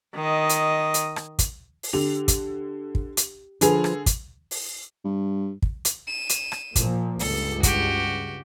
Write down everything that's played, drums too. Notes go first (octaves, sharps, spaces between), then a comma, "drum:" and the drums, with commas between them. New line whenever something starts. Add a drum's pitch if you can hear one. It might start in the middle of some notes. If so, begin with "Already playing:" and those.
D#3 D#5
drum: hi-hat
drum: hi-hat
drum: rim click
drum: kick, hi-hat
drum: open hi-hat
D3 G4 F7
drum: kick, hi-hat
drum: kick
drum: hi-hat
D3 F3 G#4 B4 F7, drum: hi-hat
drum: rim click
drum: kick, hi-hat
drum: open hi-hat
G2
drum: kick
drum: hi-hat
D#7 E7
drum: hi-hat
drum: rim click
A#2 F3 A#3, drum: kick, hi-hat
C#2 G2 A4, drum: open hi-hat
F#4 G4, drum: kick, hi-hat